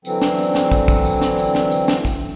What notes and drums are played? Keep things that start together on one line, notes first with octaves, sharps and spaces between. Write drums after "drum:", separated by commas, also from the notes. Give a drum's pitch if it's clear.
D3 E3 F#3 C4, drum: tambourine
drum: snare
drum: tambourine
drum: snare
drum: kick, tambourine
drum: kick, tambourine
drum: tambourine
drum: snare
drum: tambourine
drum: snare
drum: tambourine
drum: snare
drum: kick, tambourine